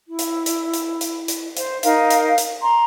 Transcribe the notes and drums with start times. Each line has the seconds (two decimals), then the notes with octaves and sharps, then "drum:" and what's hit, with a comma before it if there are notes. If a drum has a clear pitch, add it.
0.08 E4
0.19 drum: hi-hat
0.46 drum: hi-hat
0.74 drum: hi-hat
1.01 drum: hi-hat
1.28 drum: hi-hat
1.57 C5, drum: hi-hat
1.83 D#4 A#4 F5, drum: hi-hat
2.10 drum: hi-hat
2.38 drum: hi-hat
2.62 A#5 C6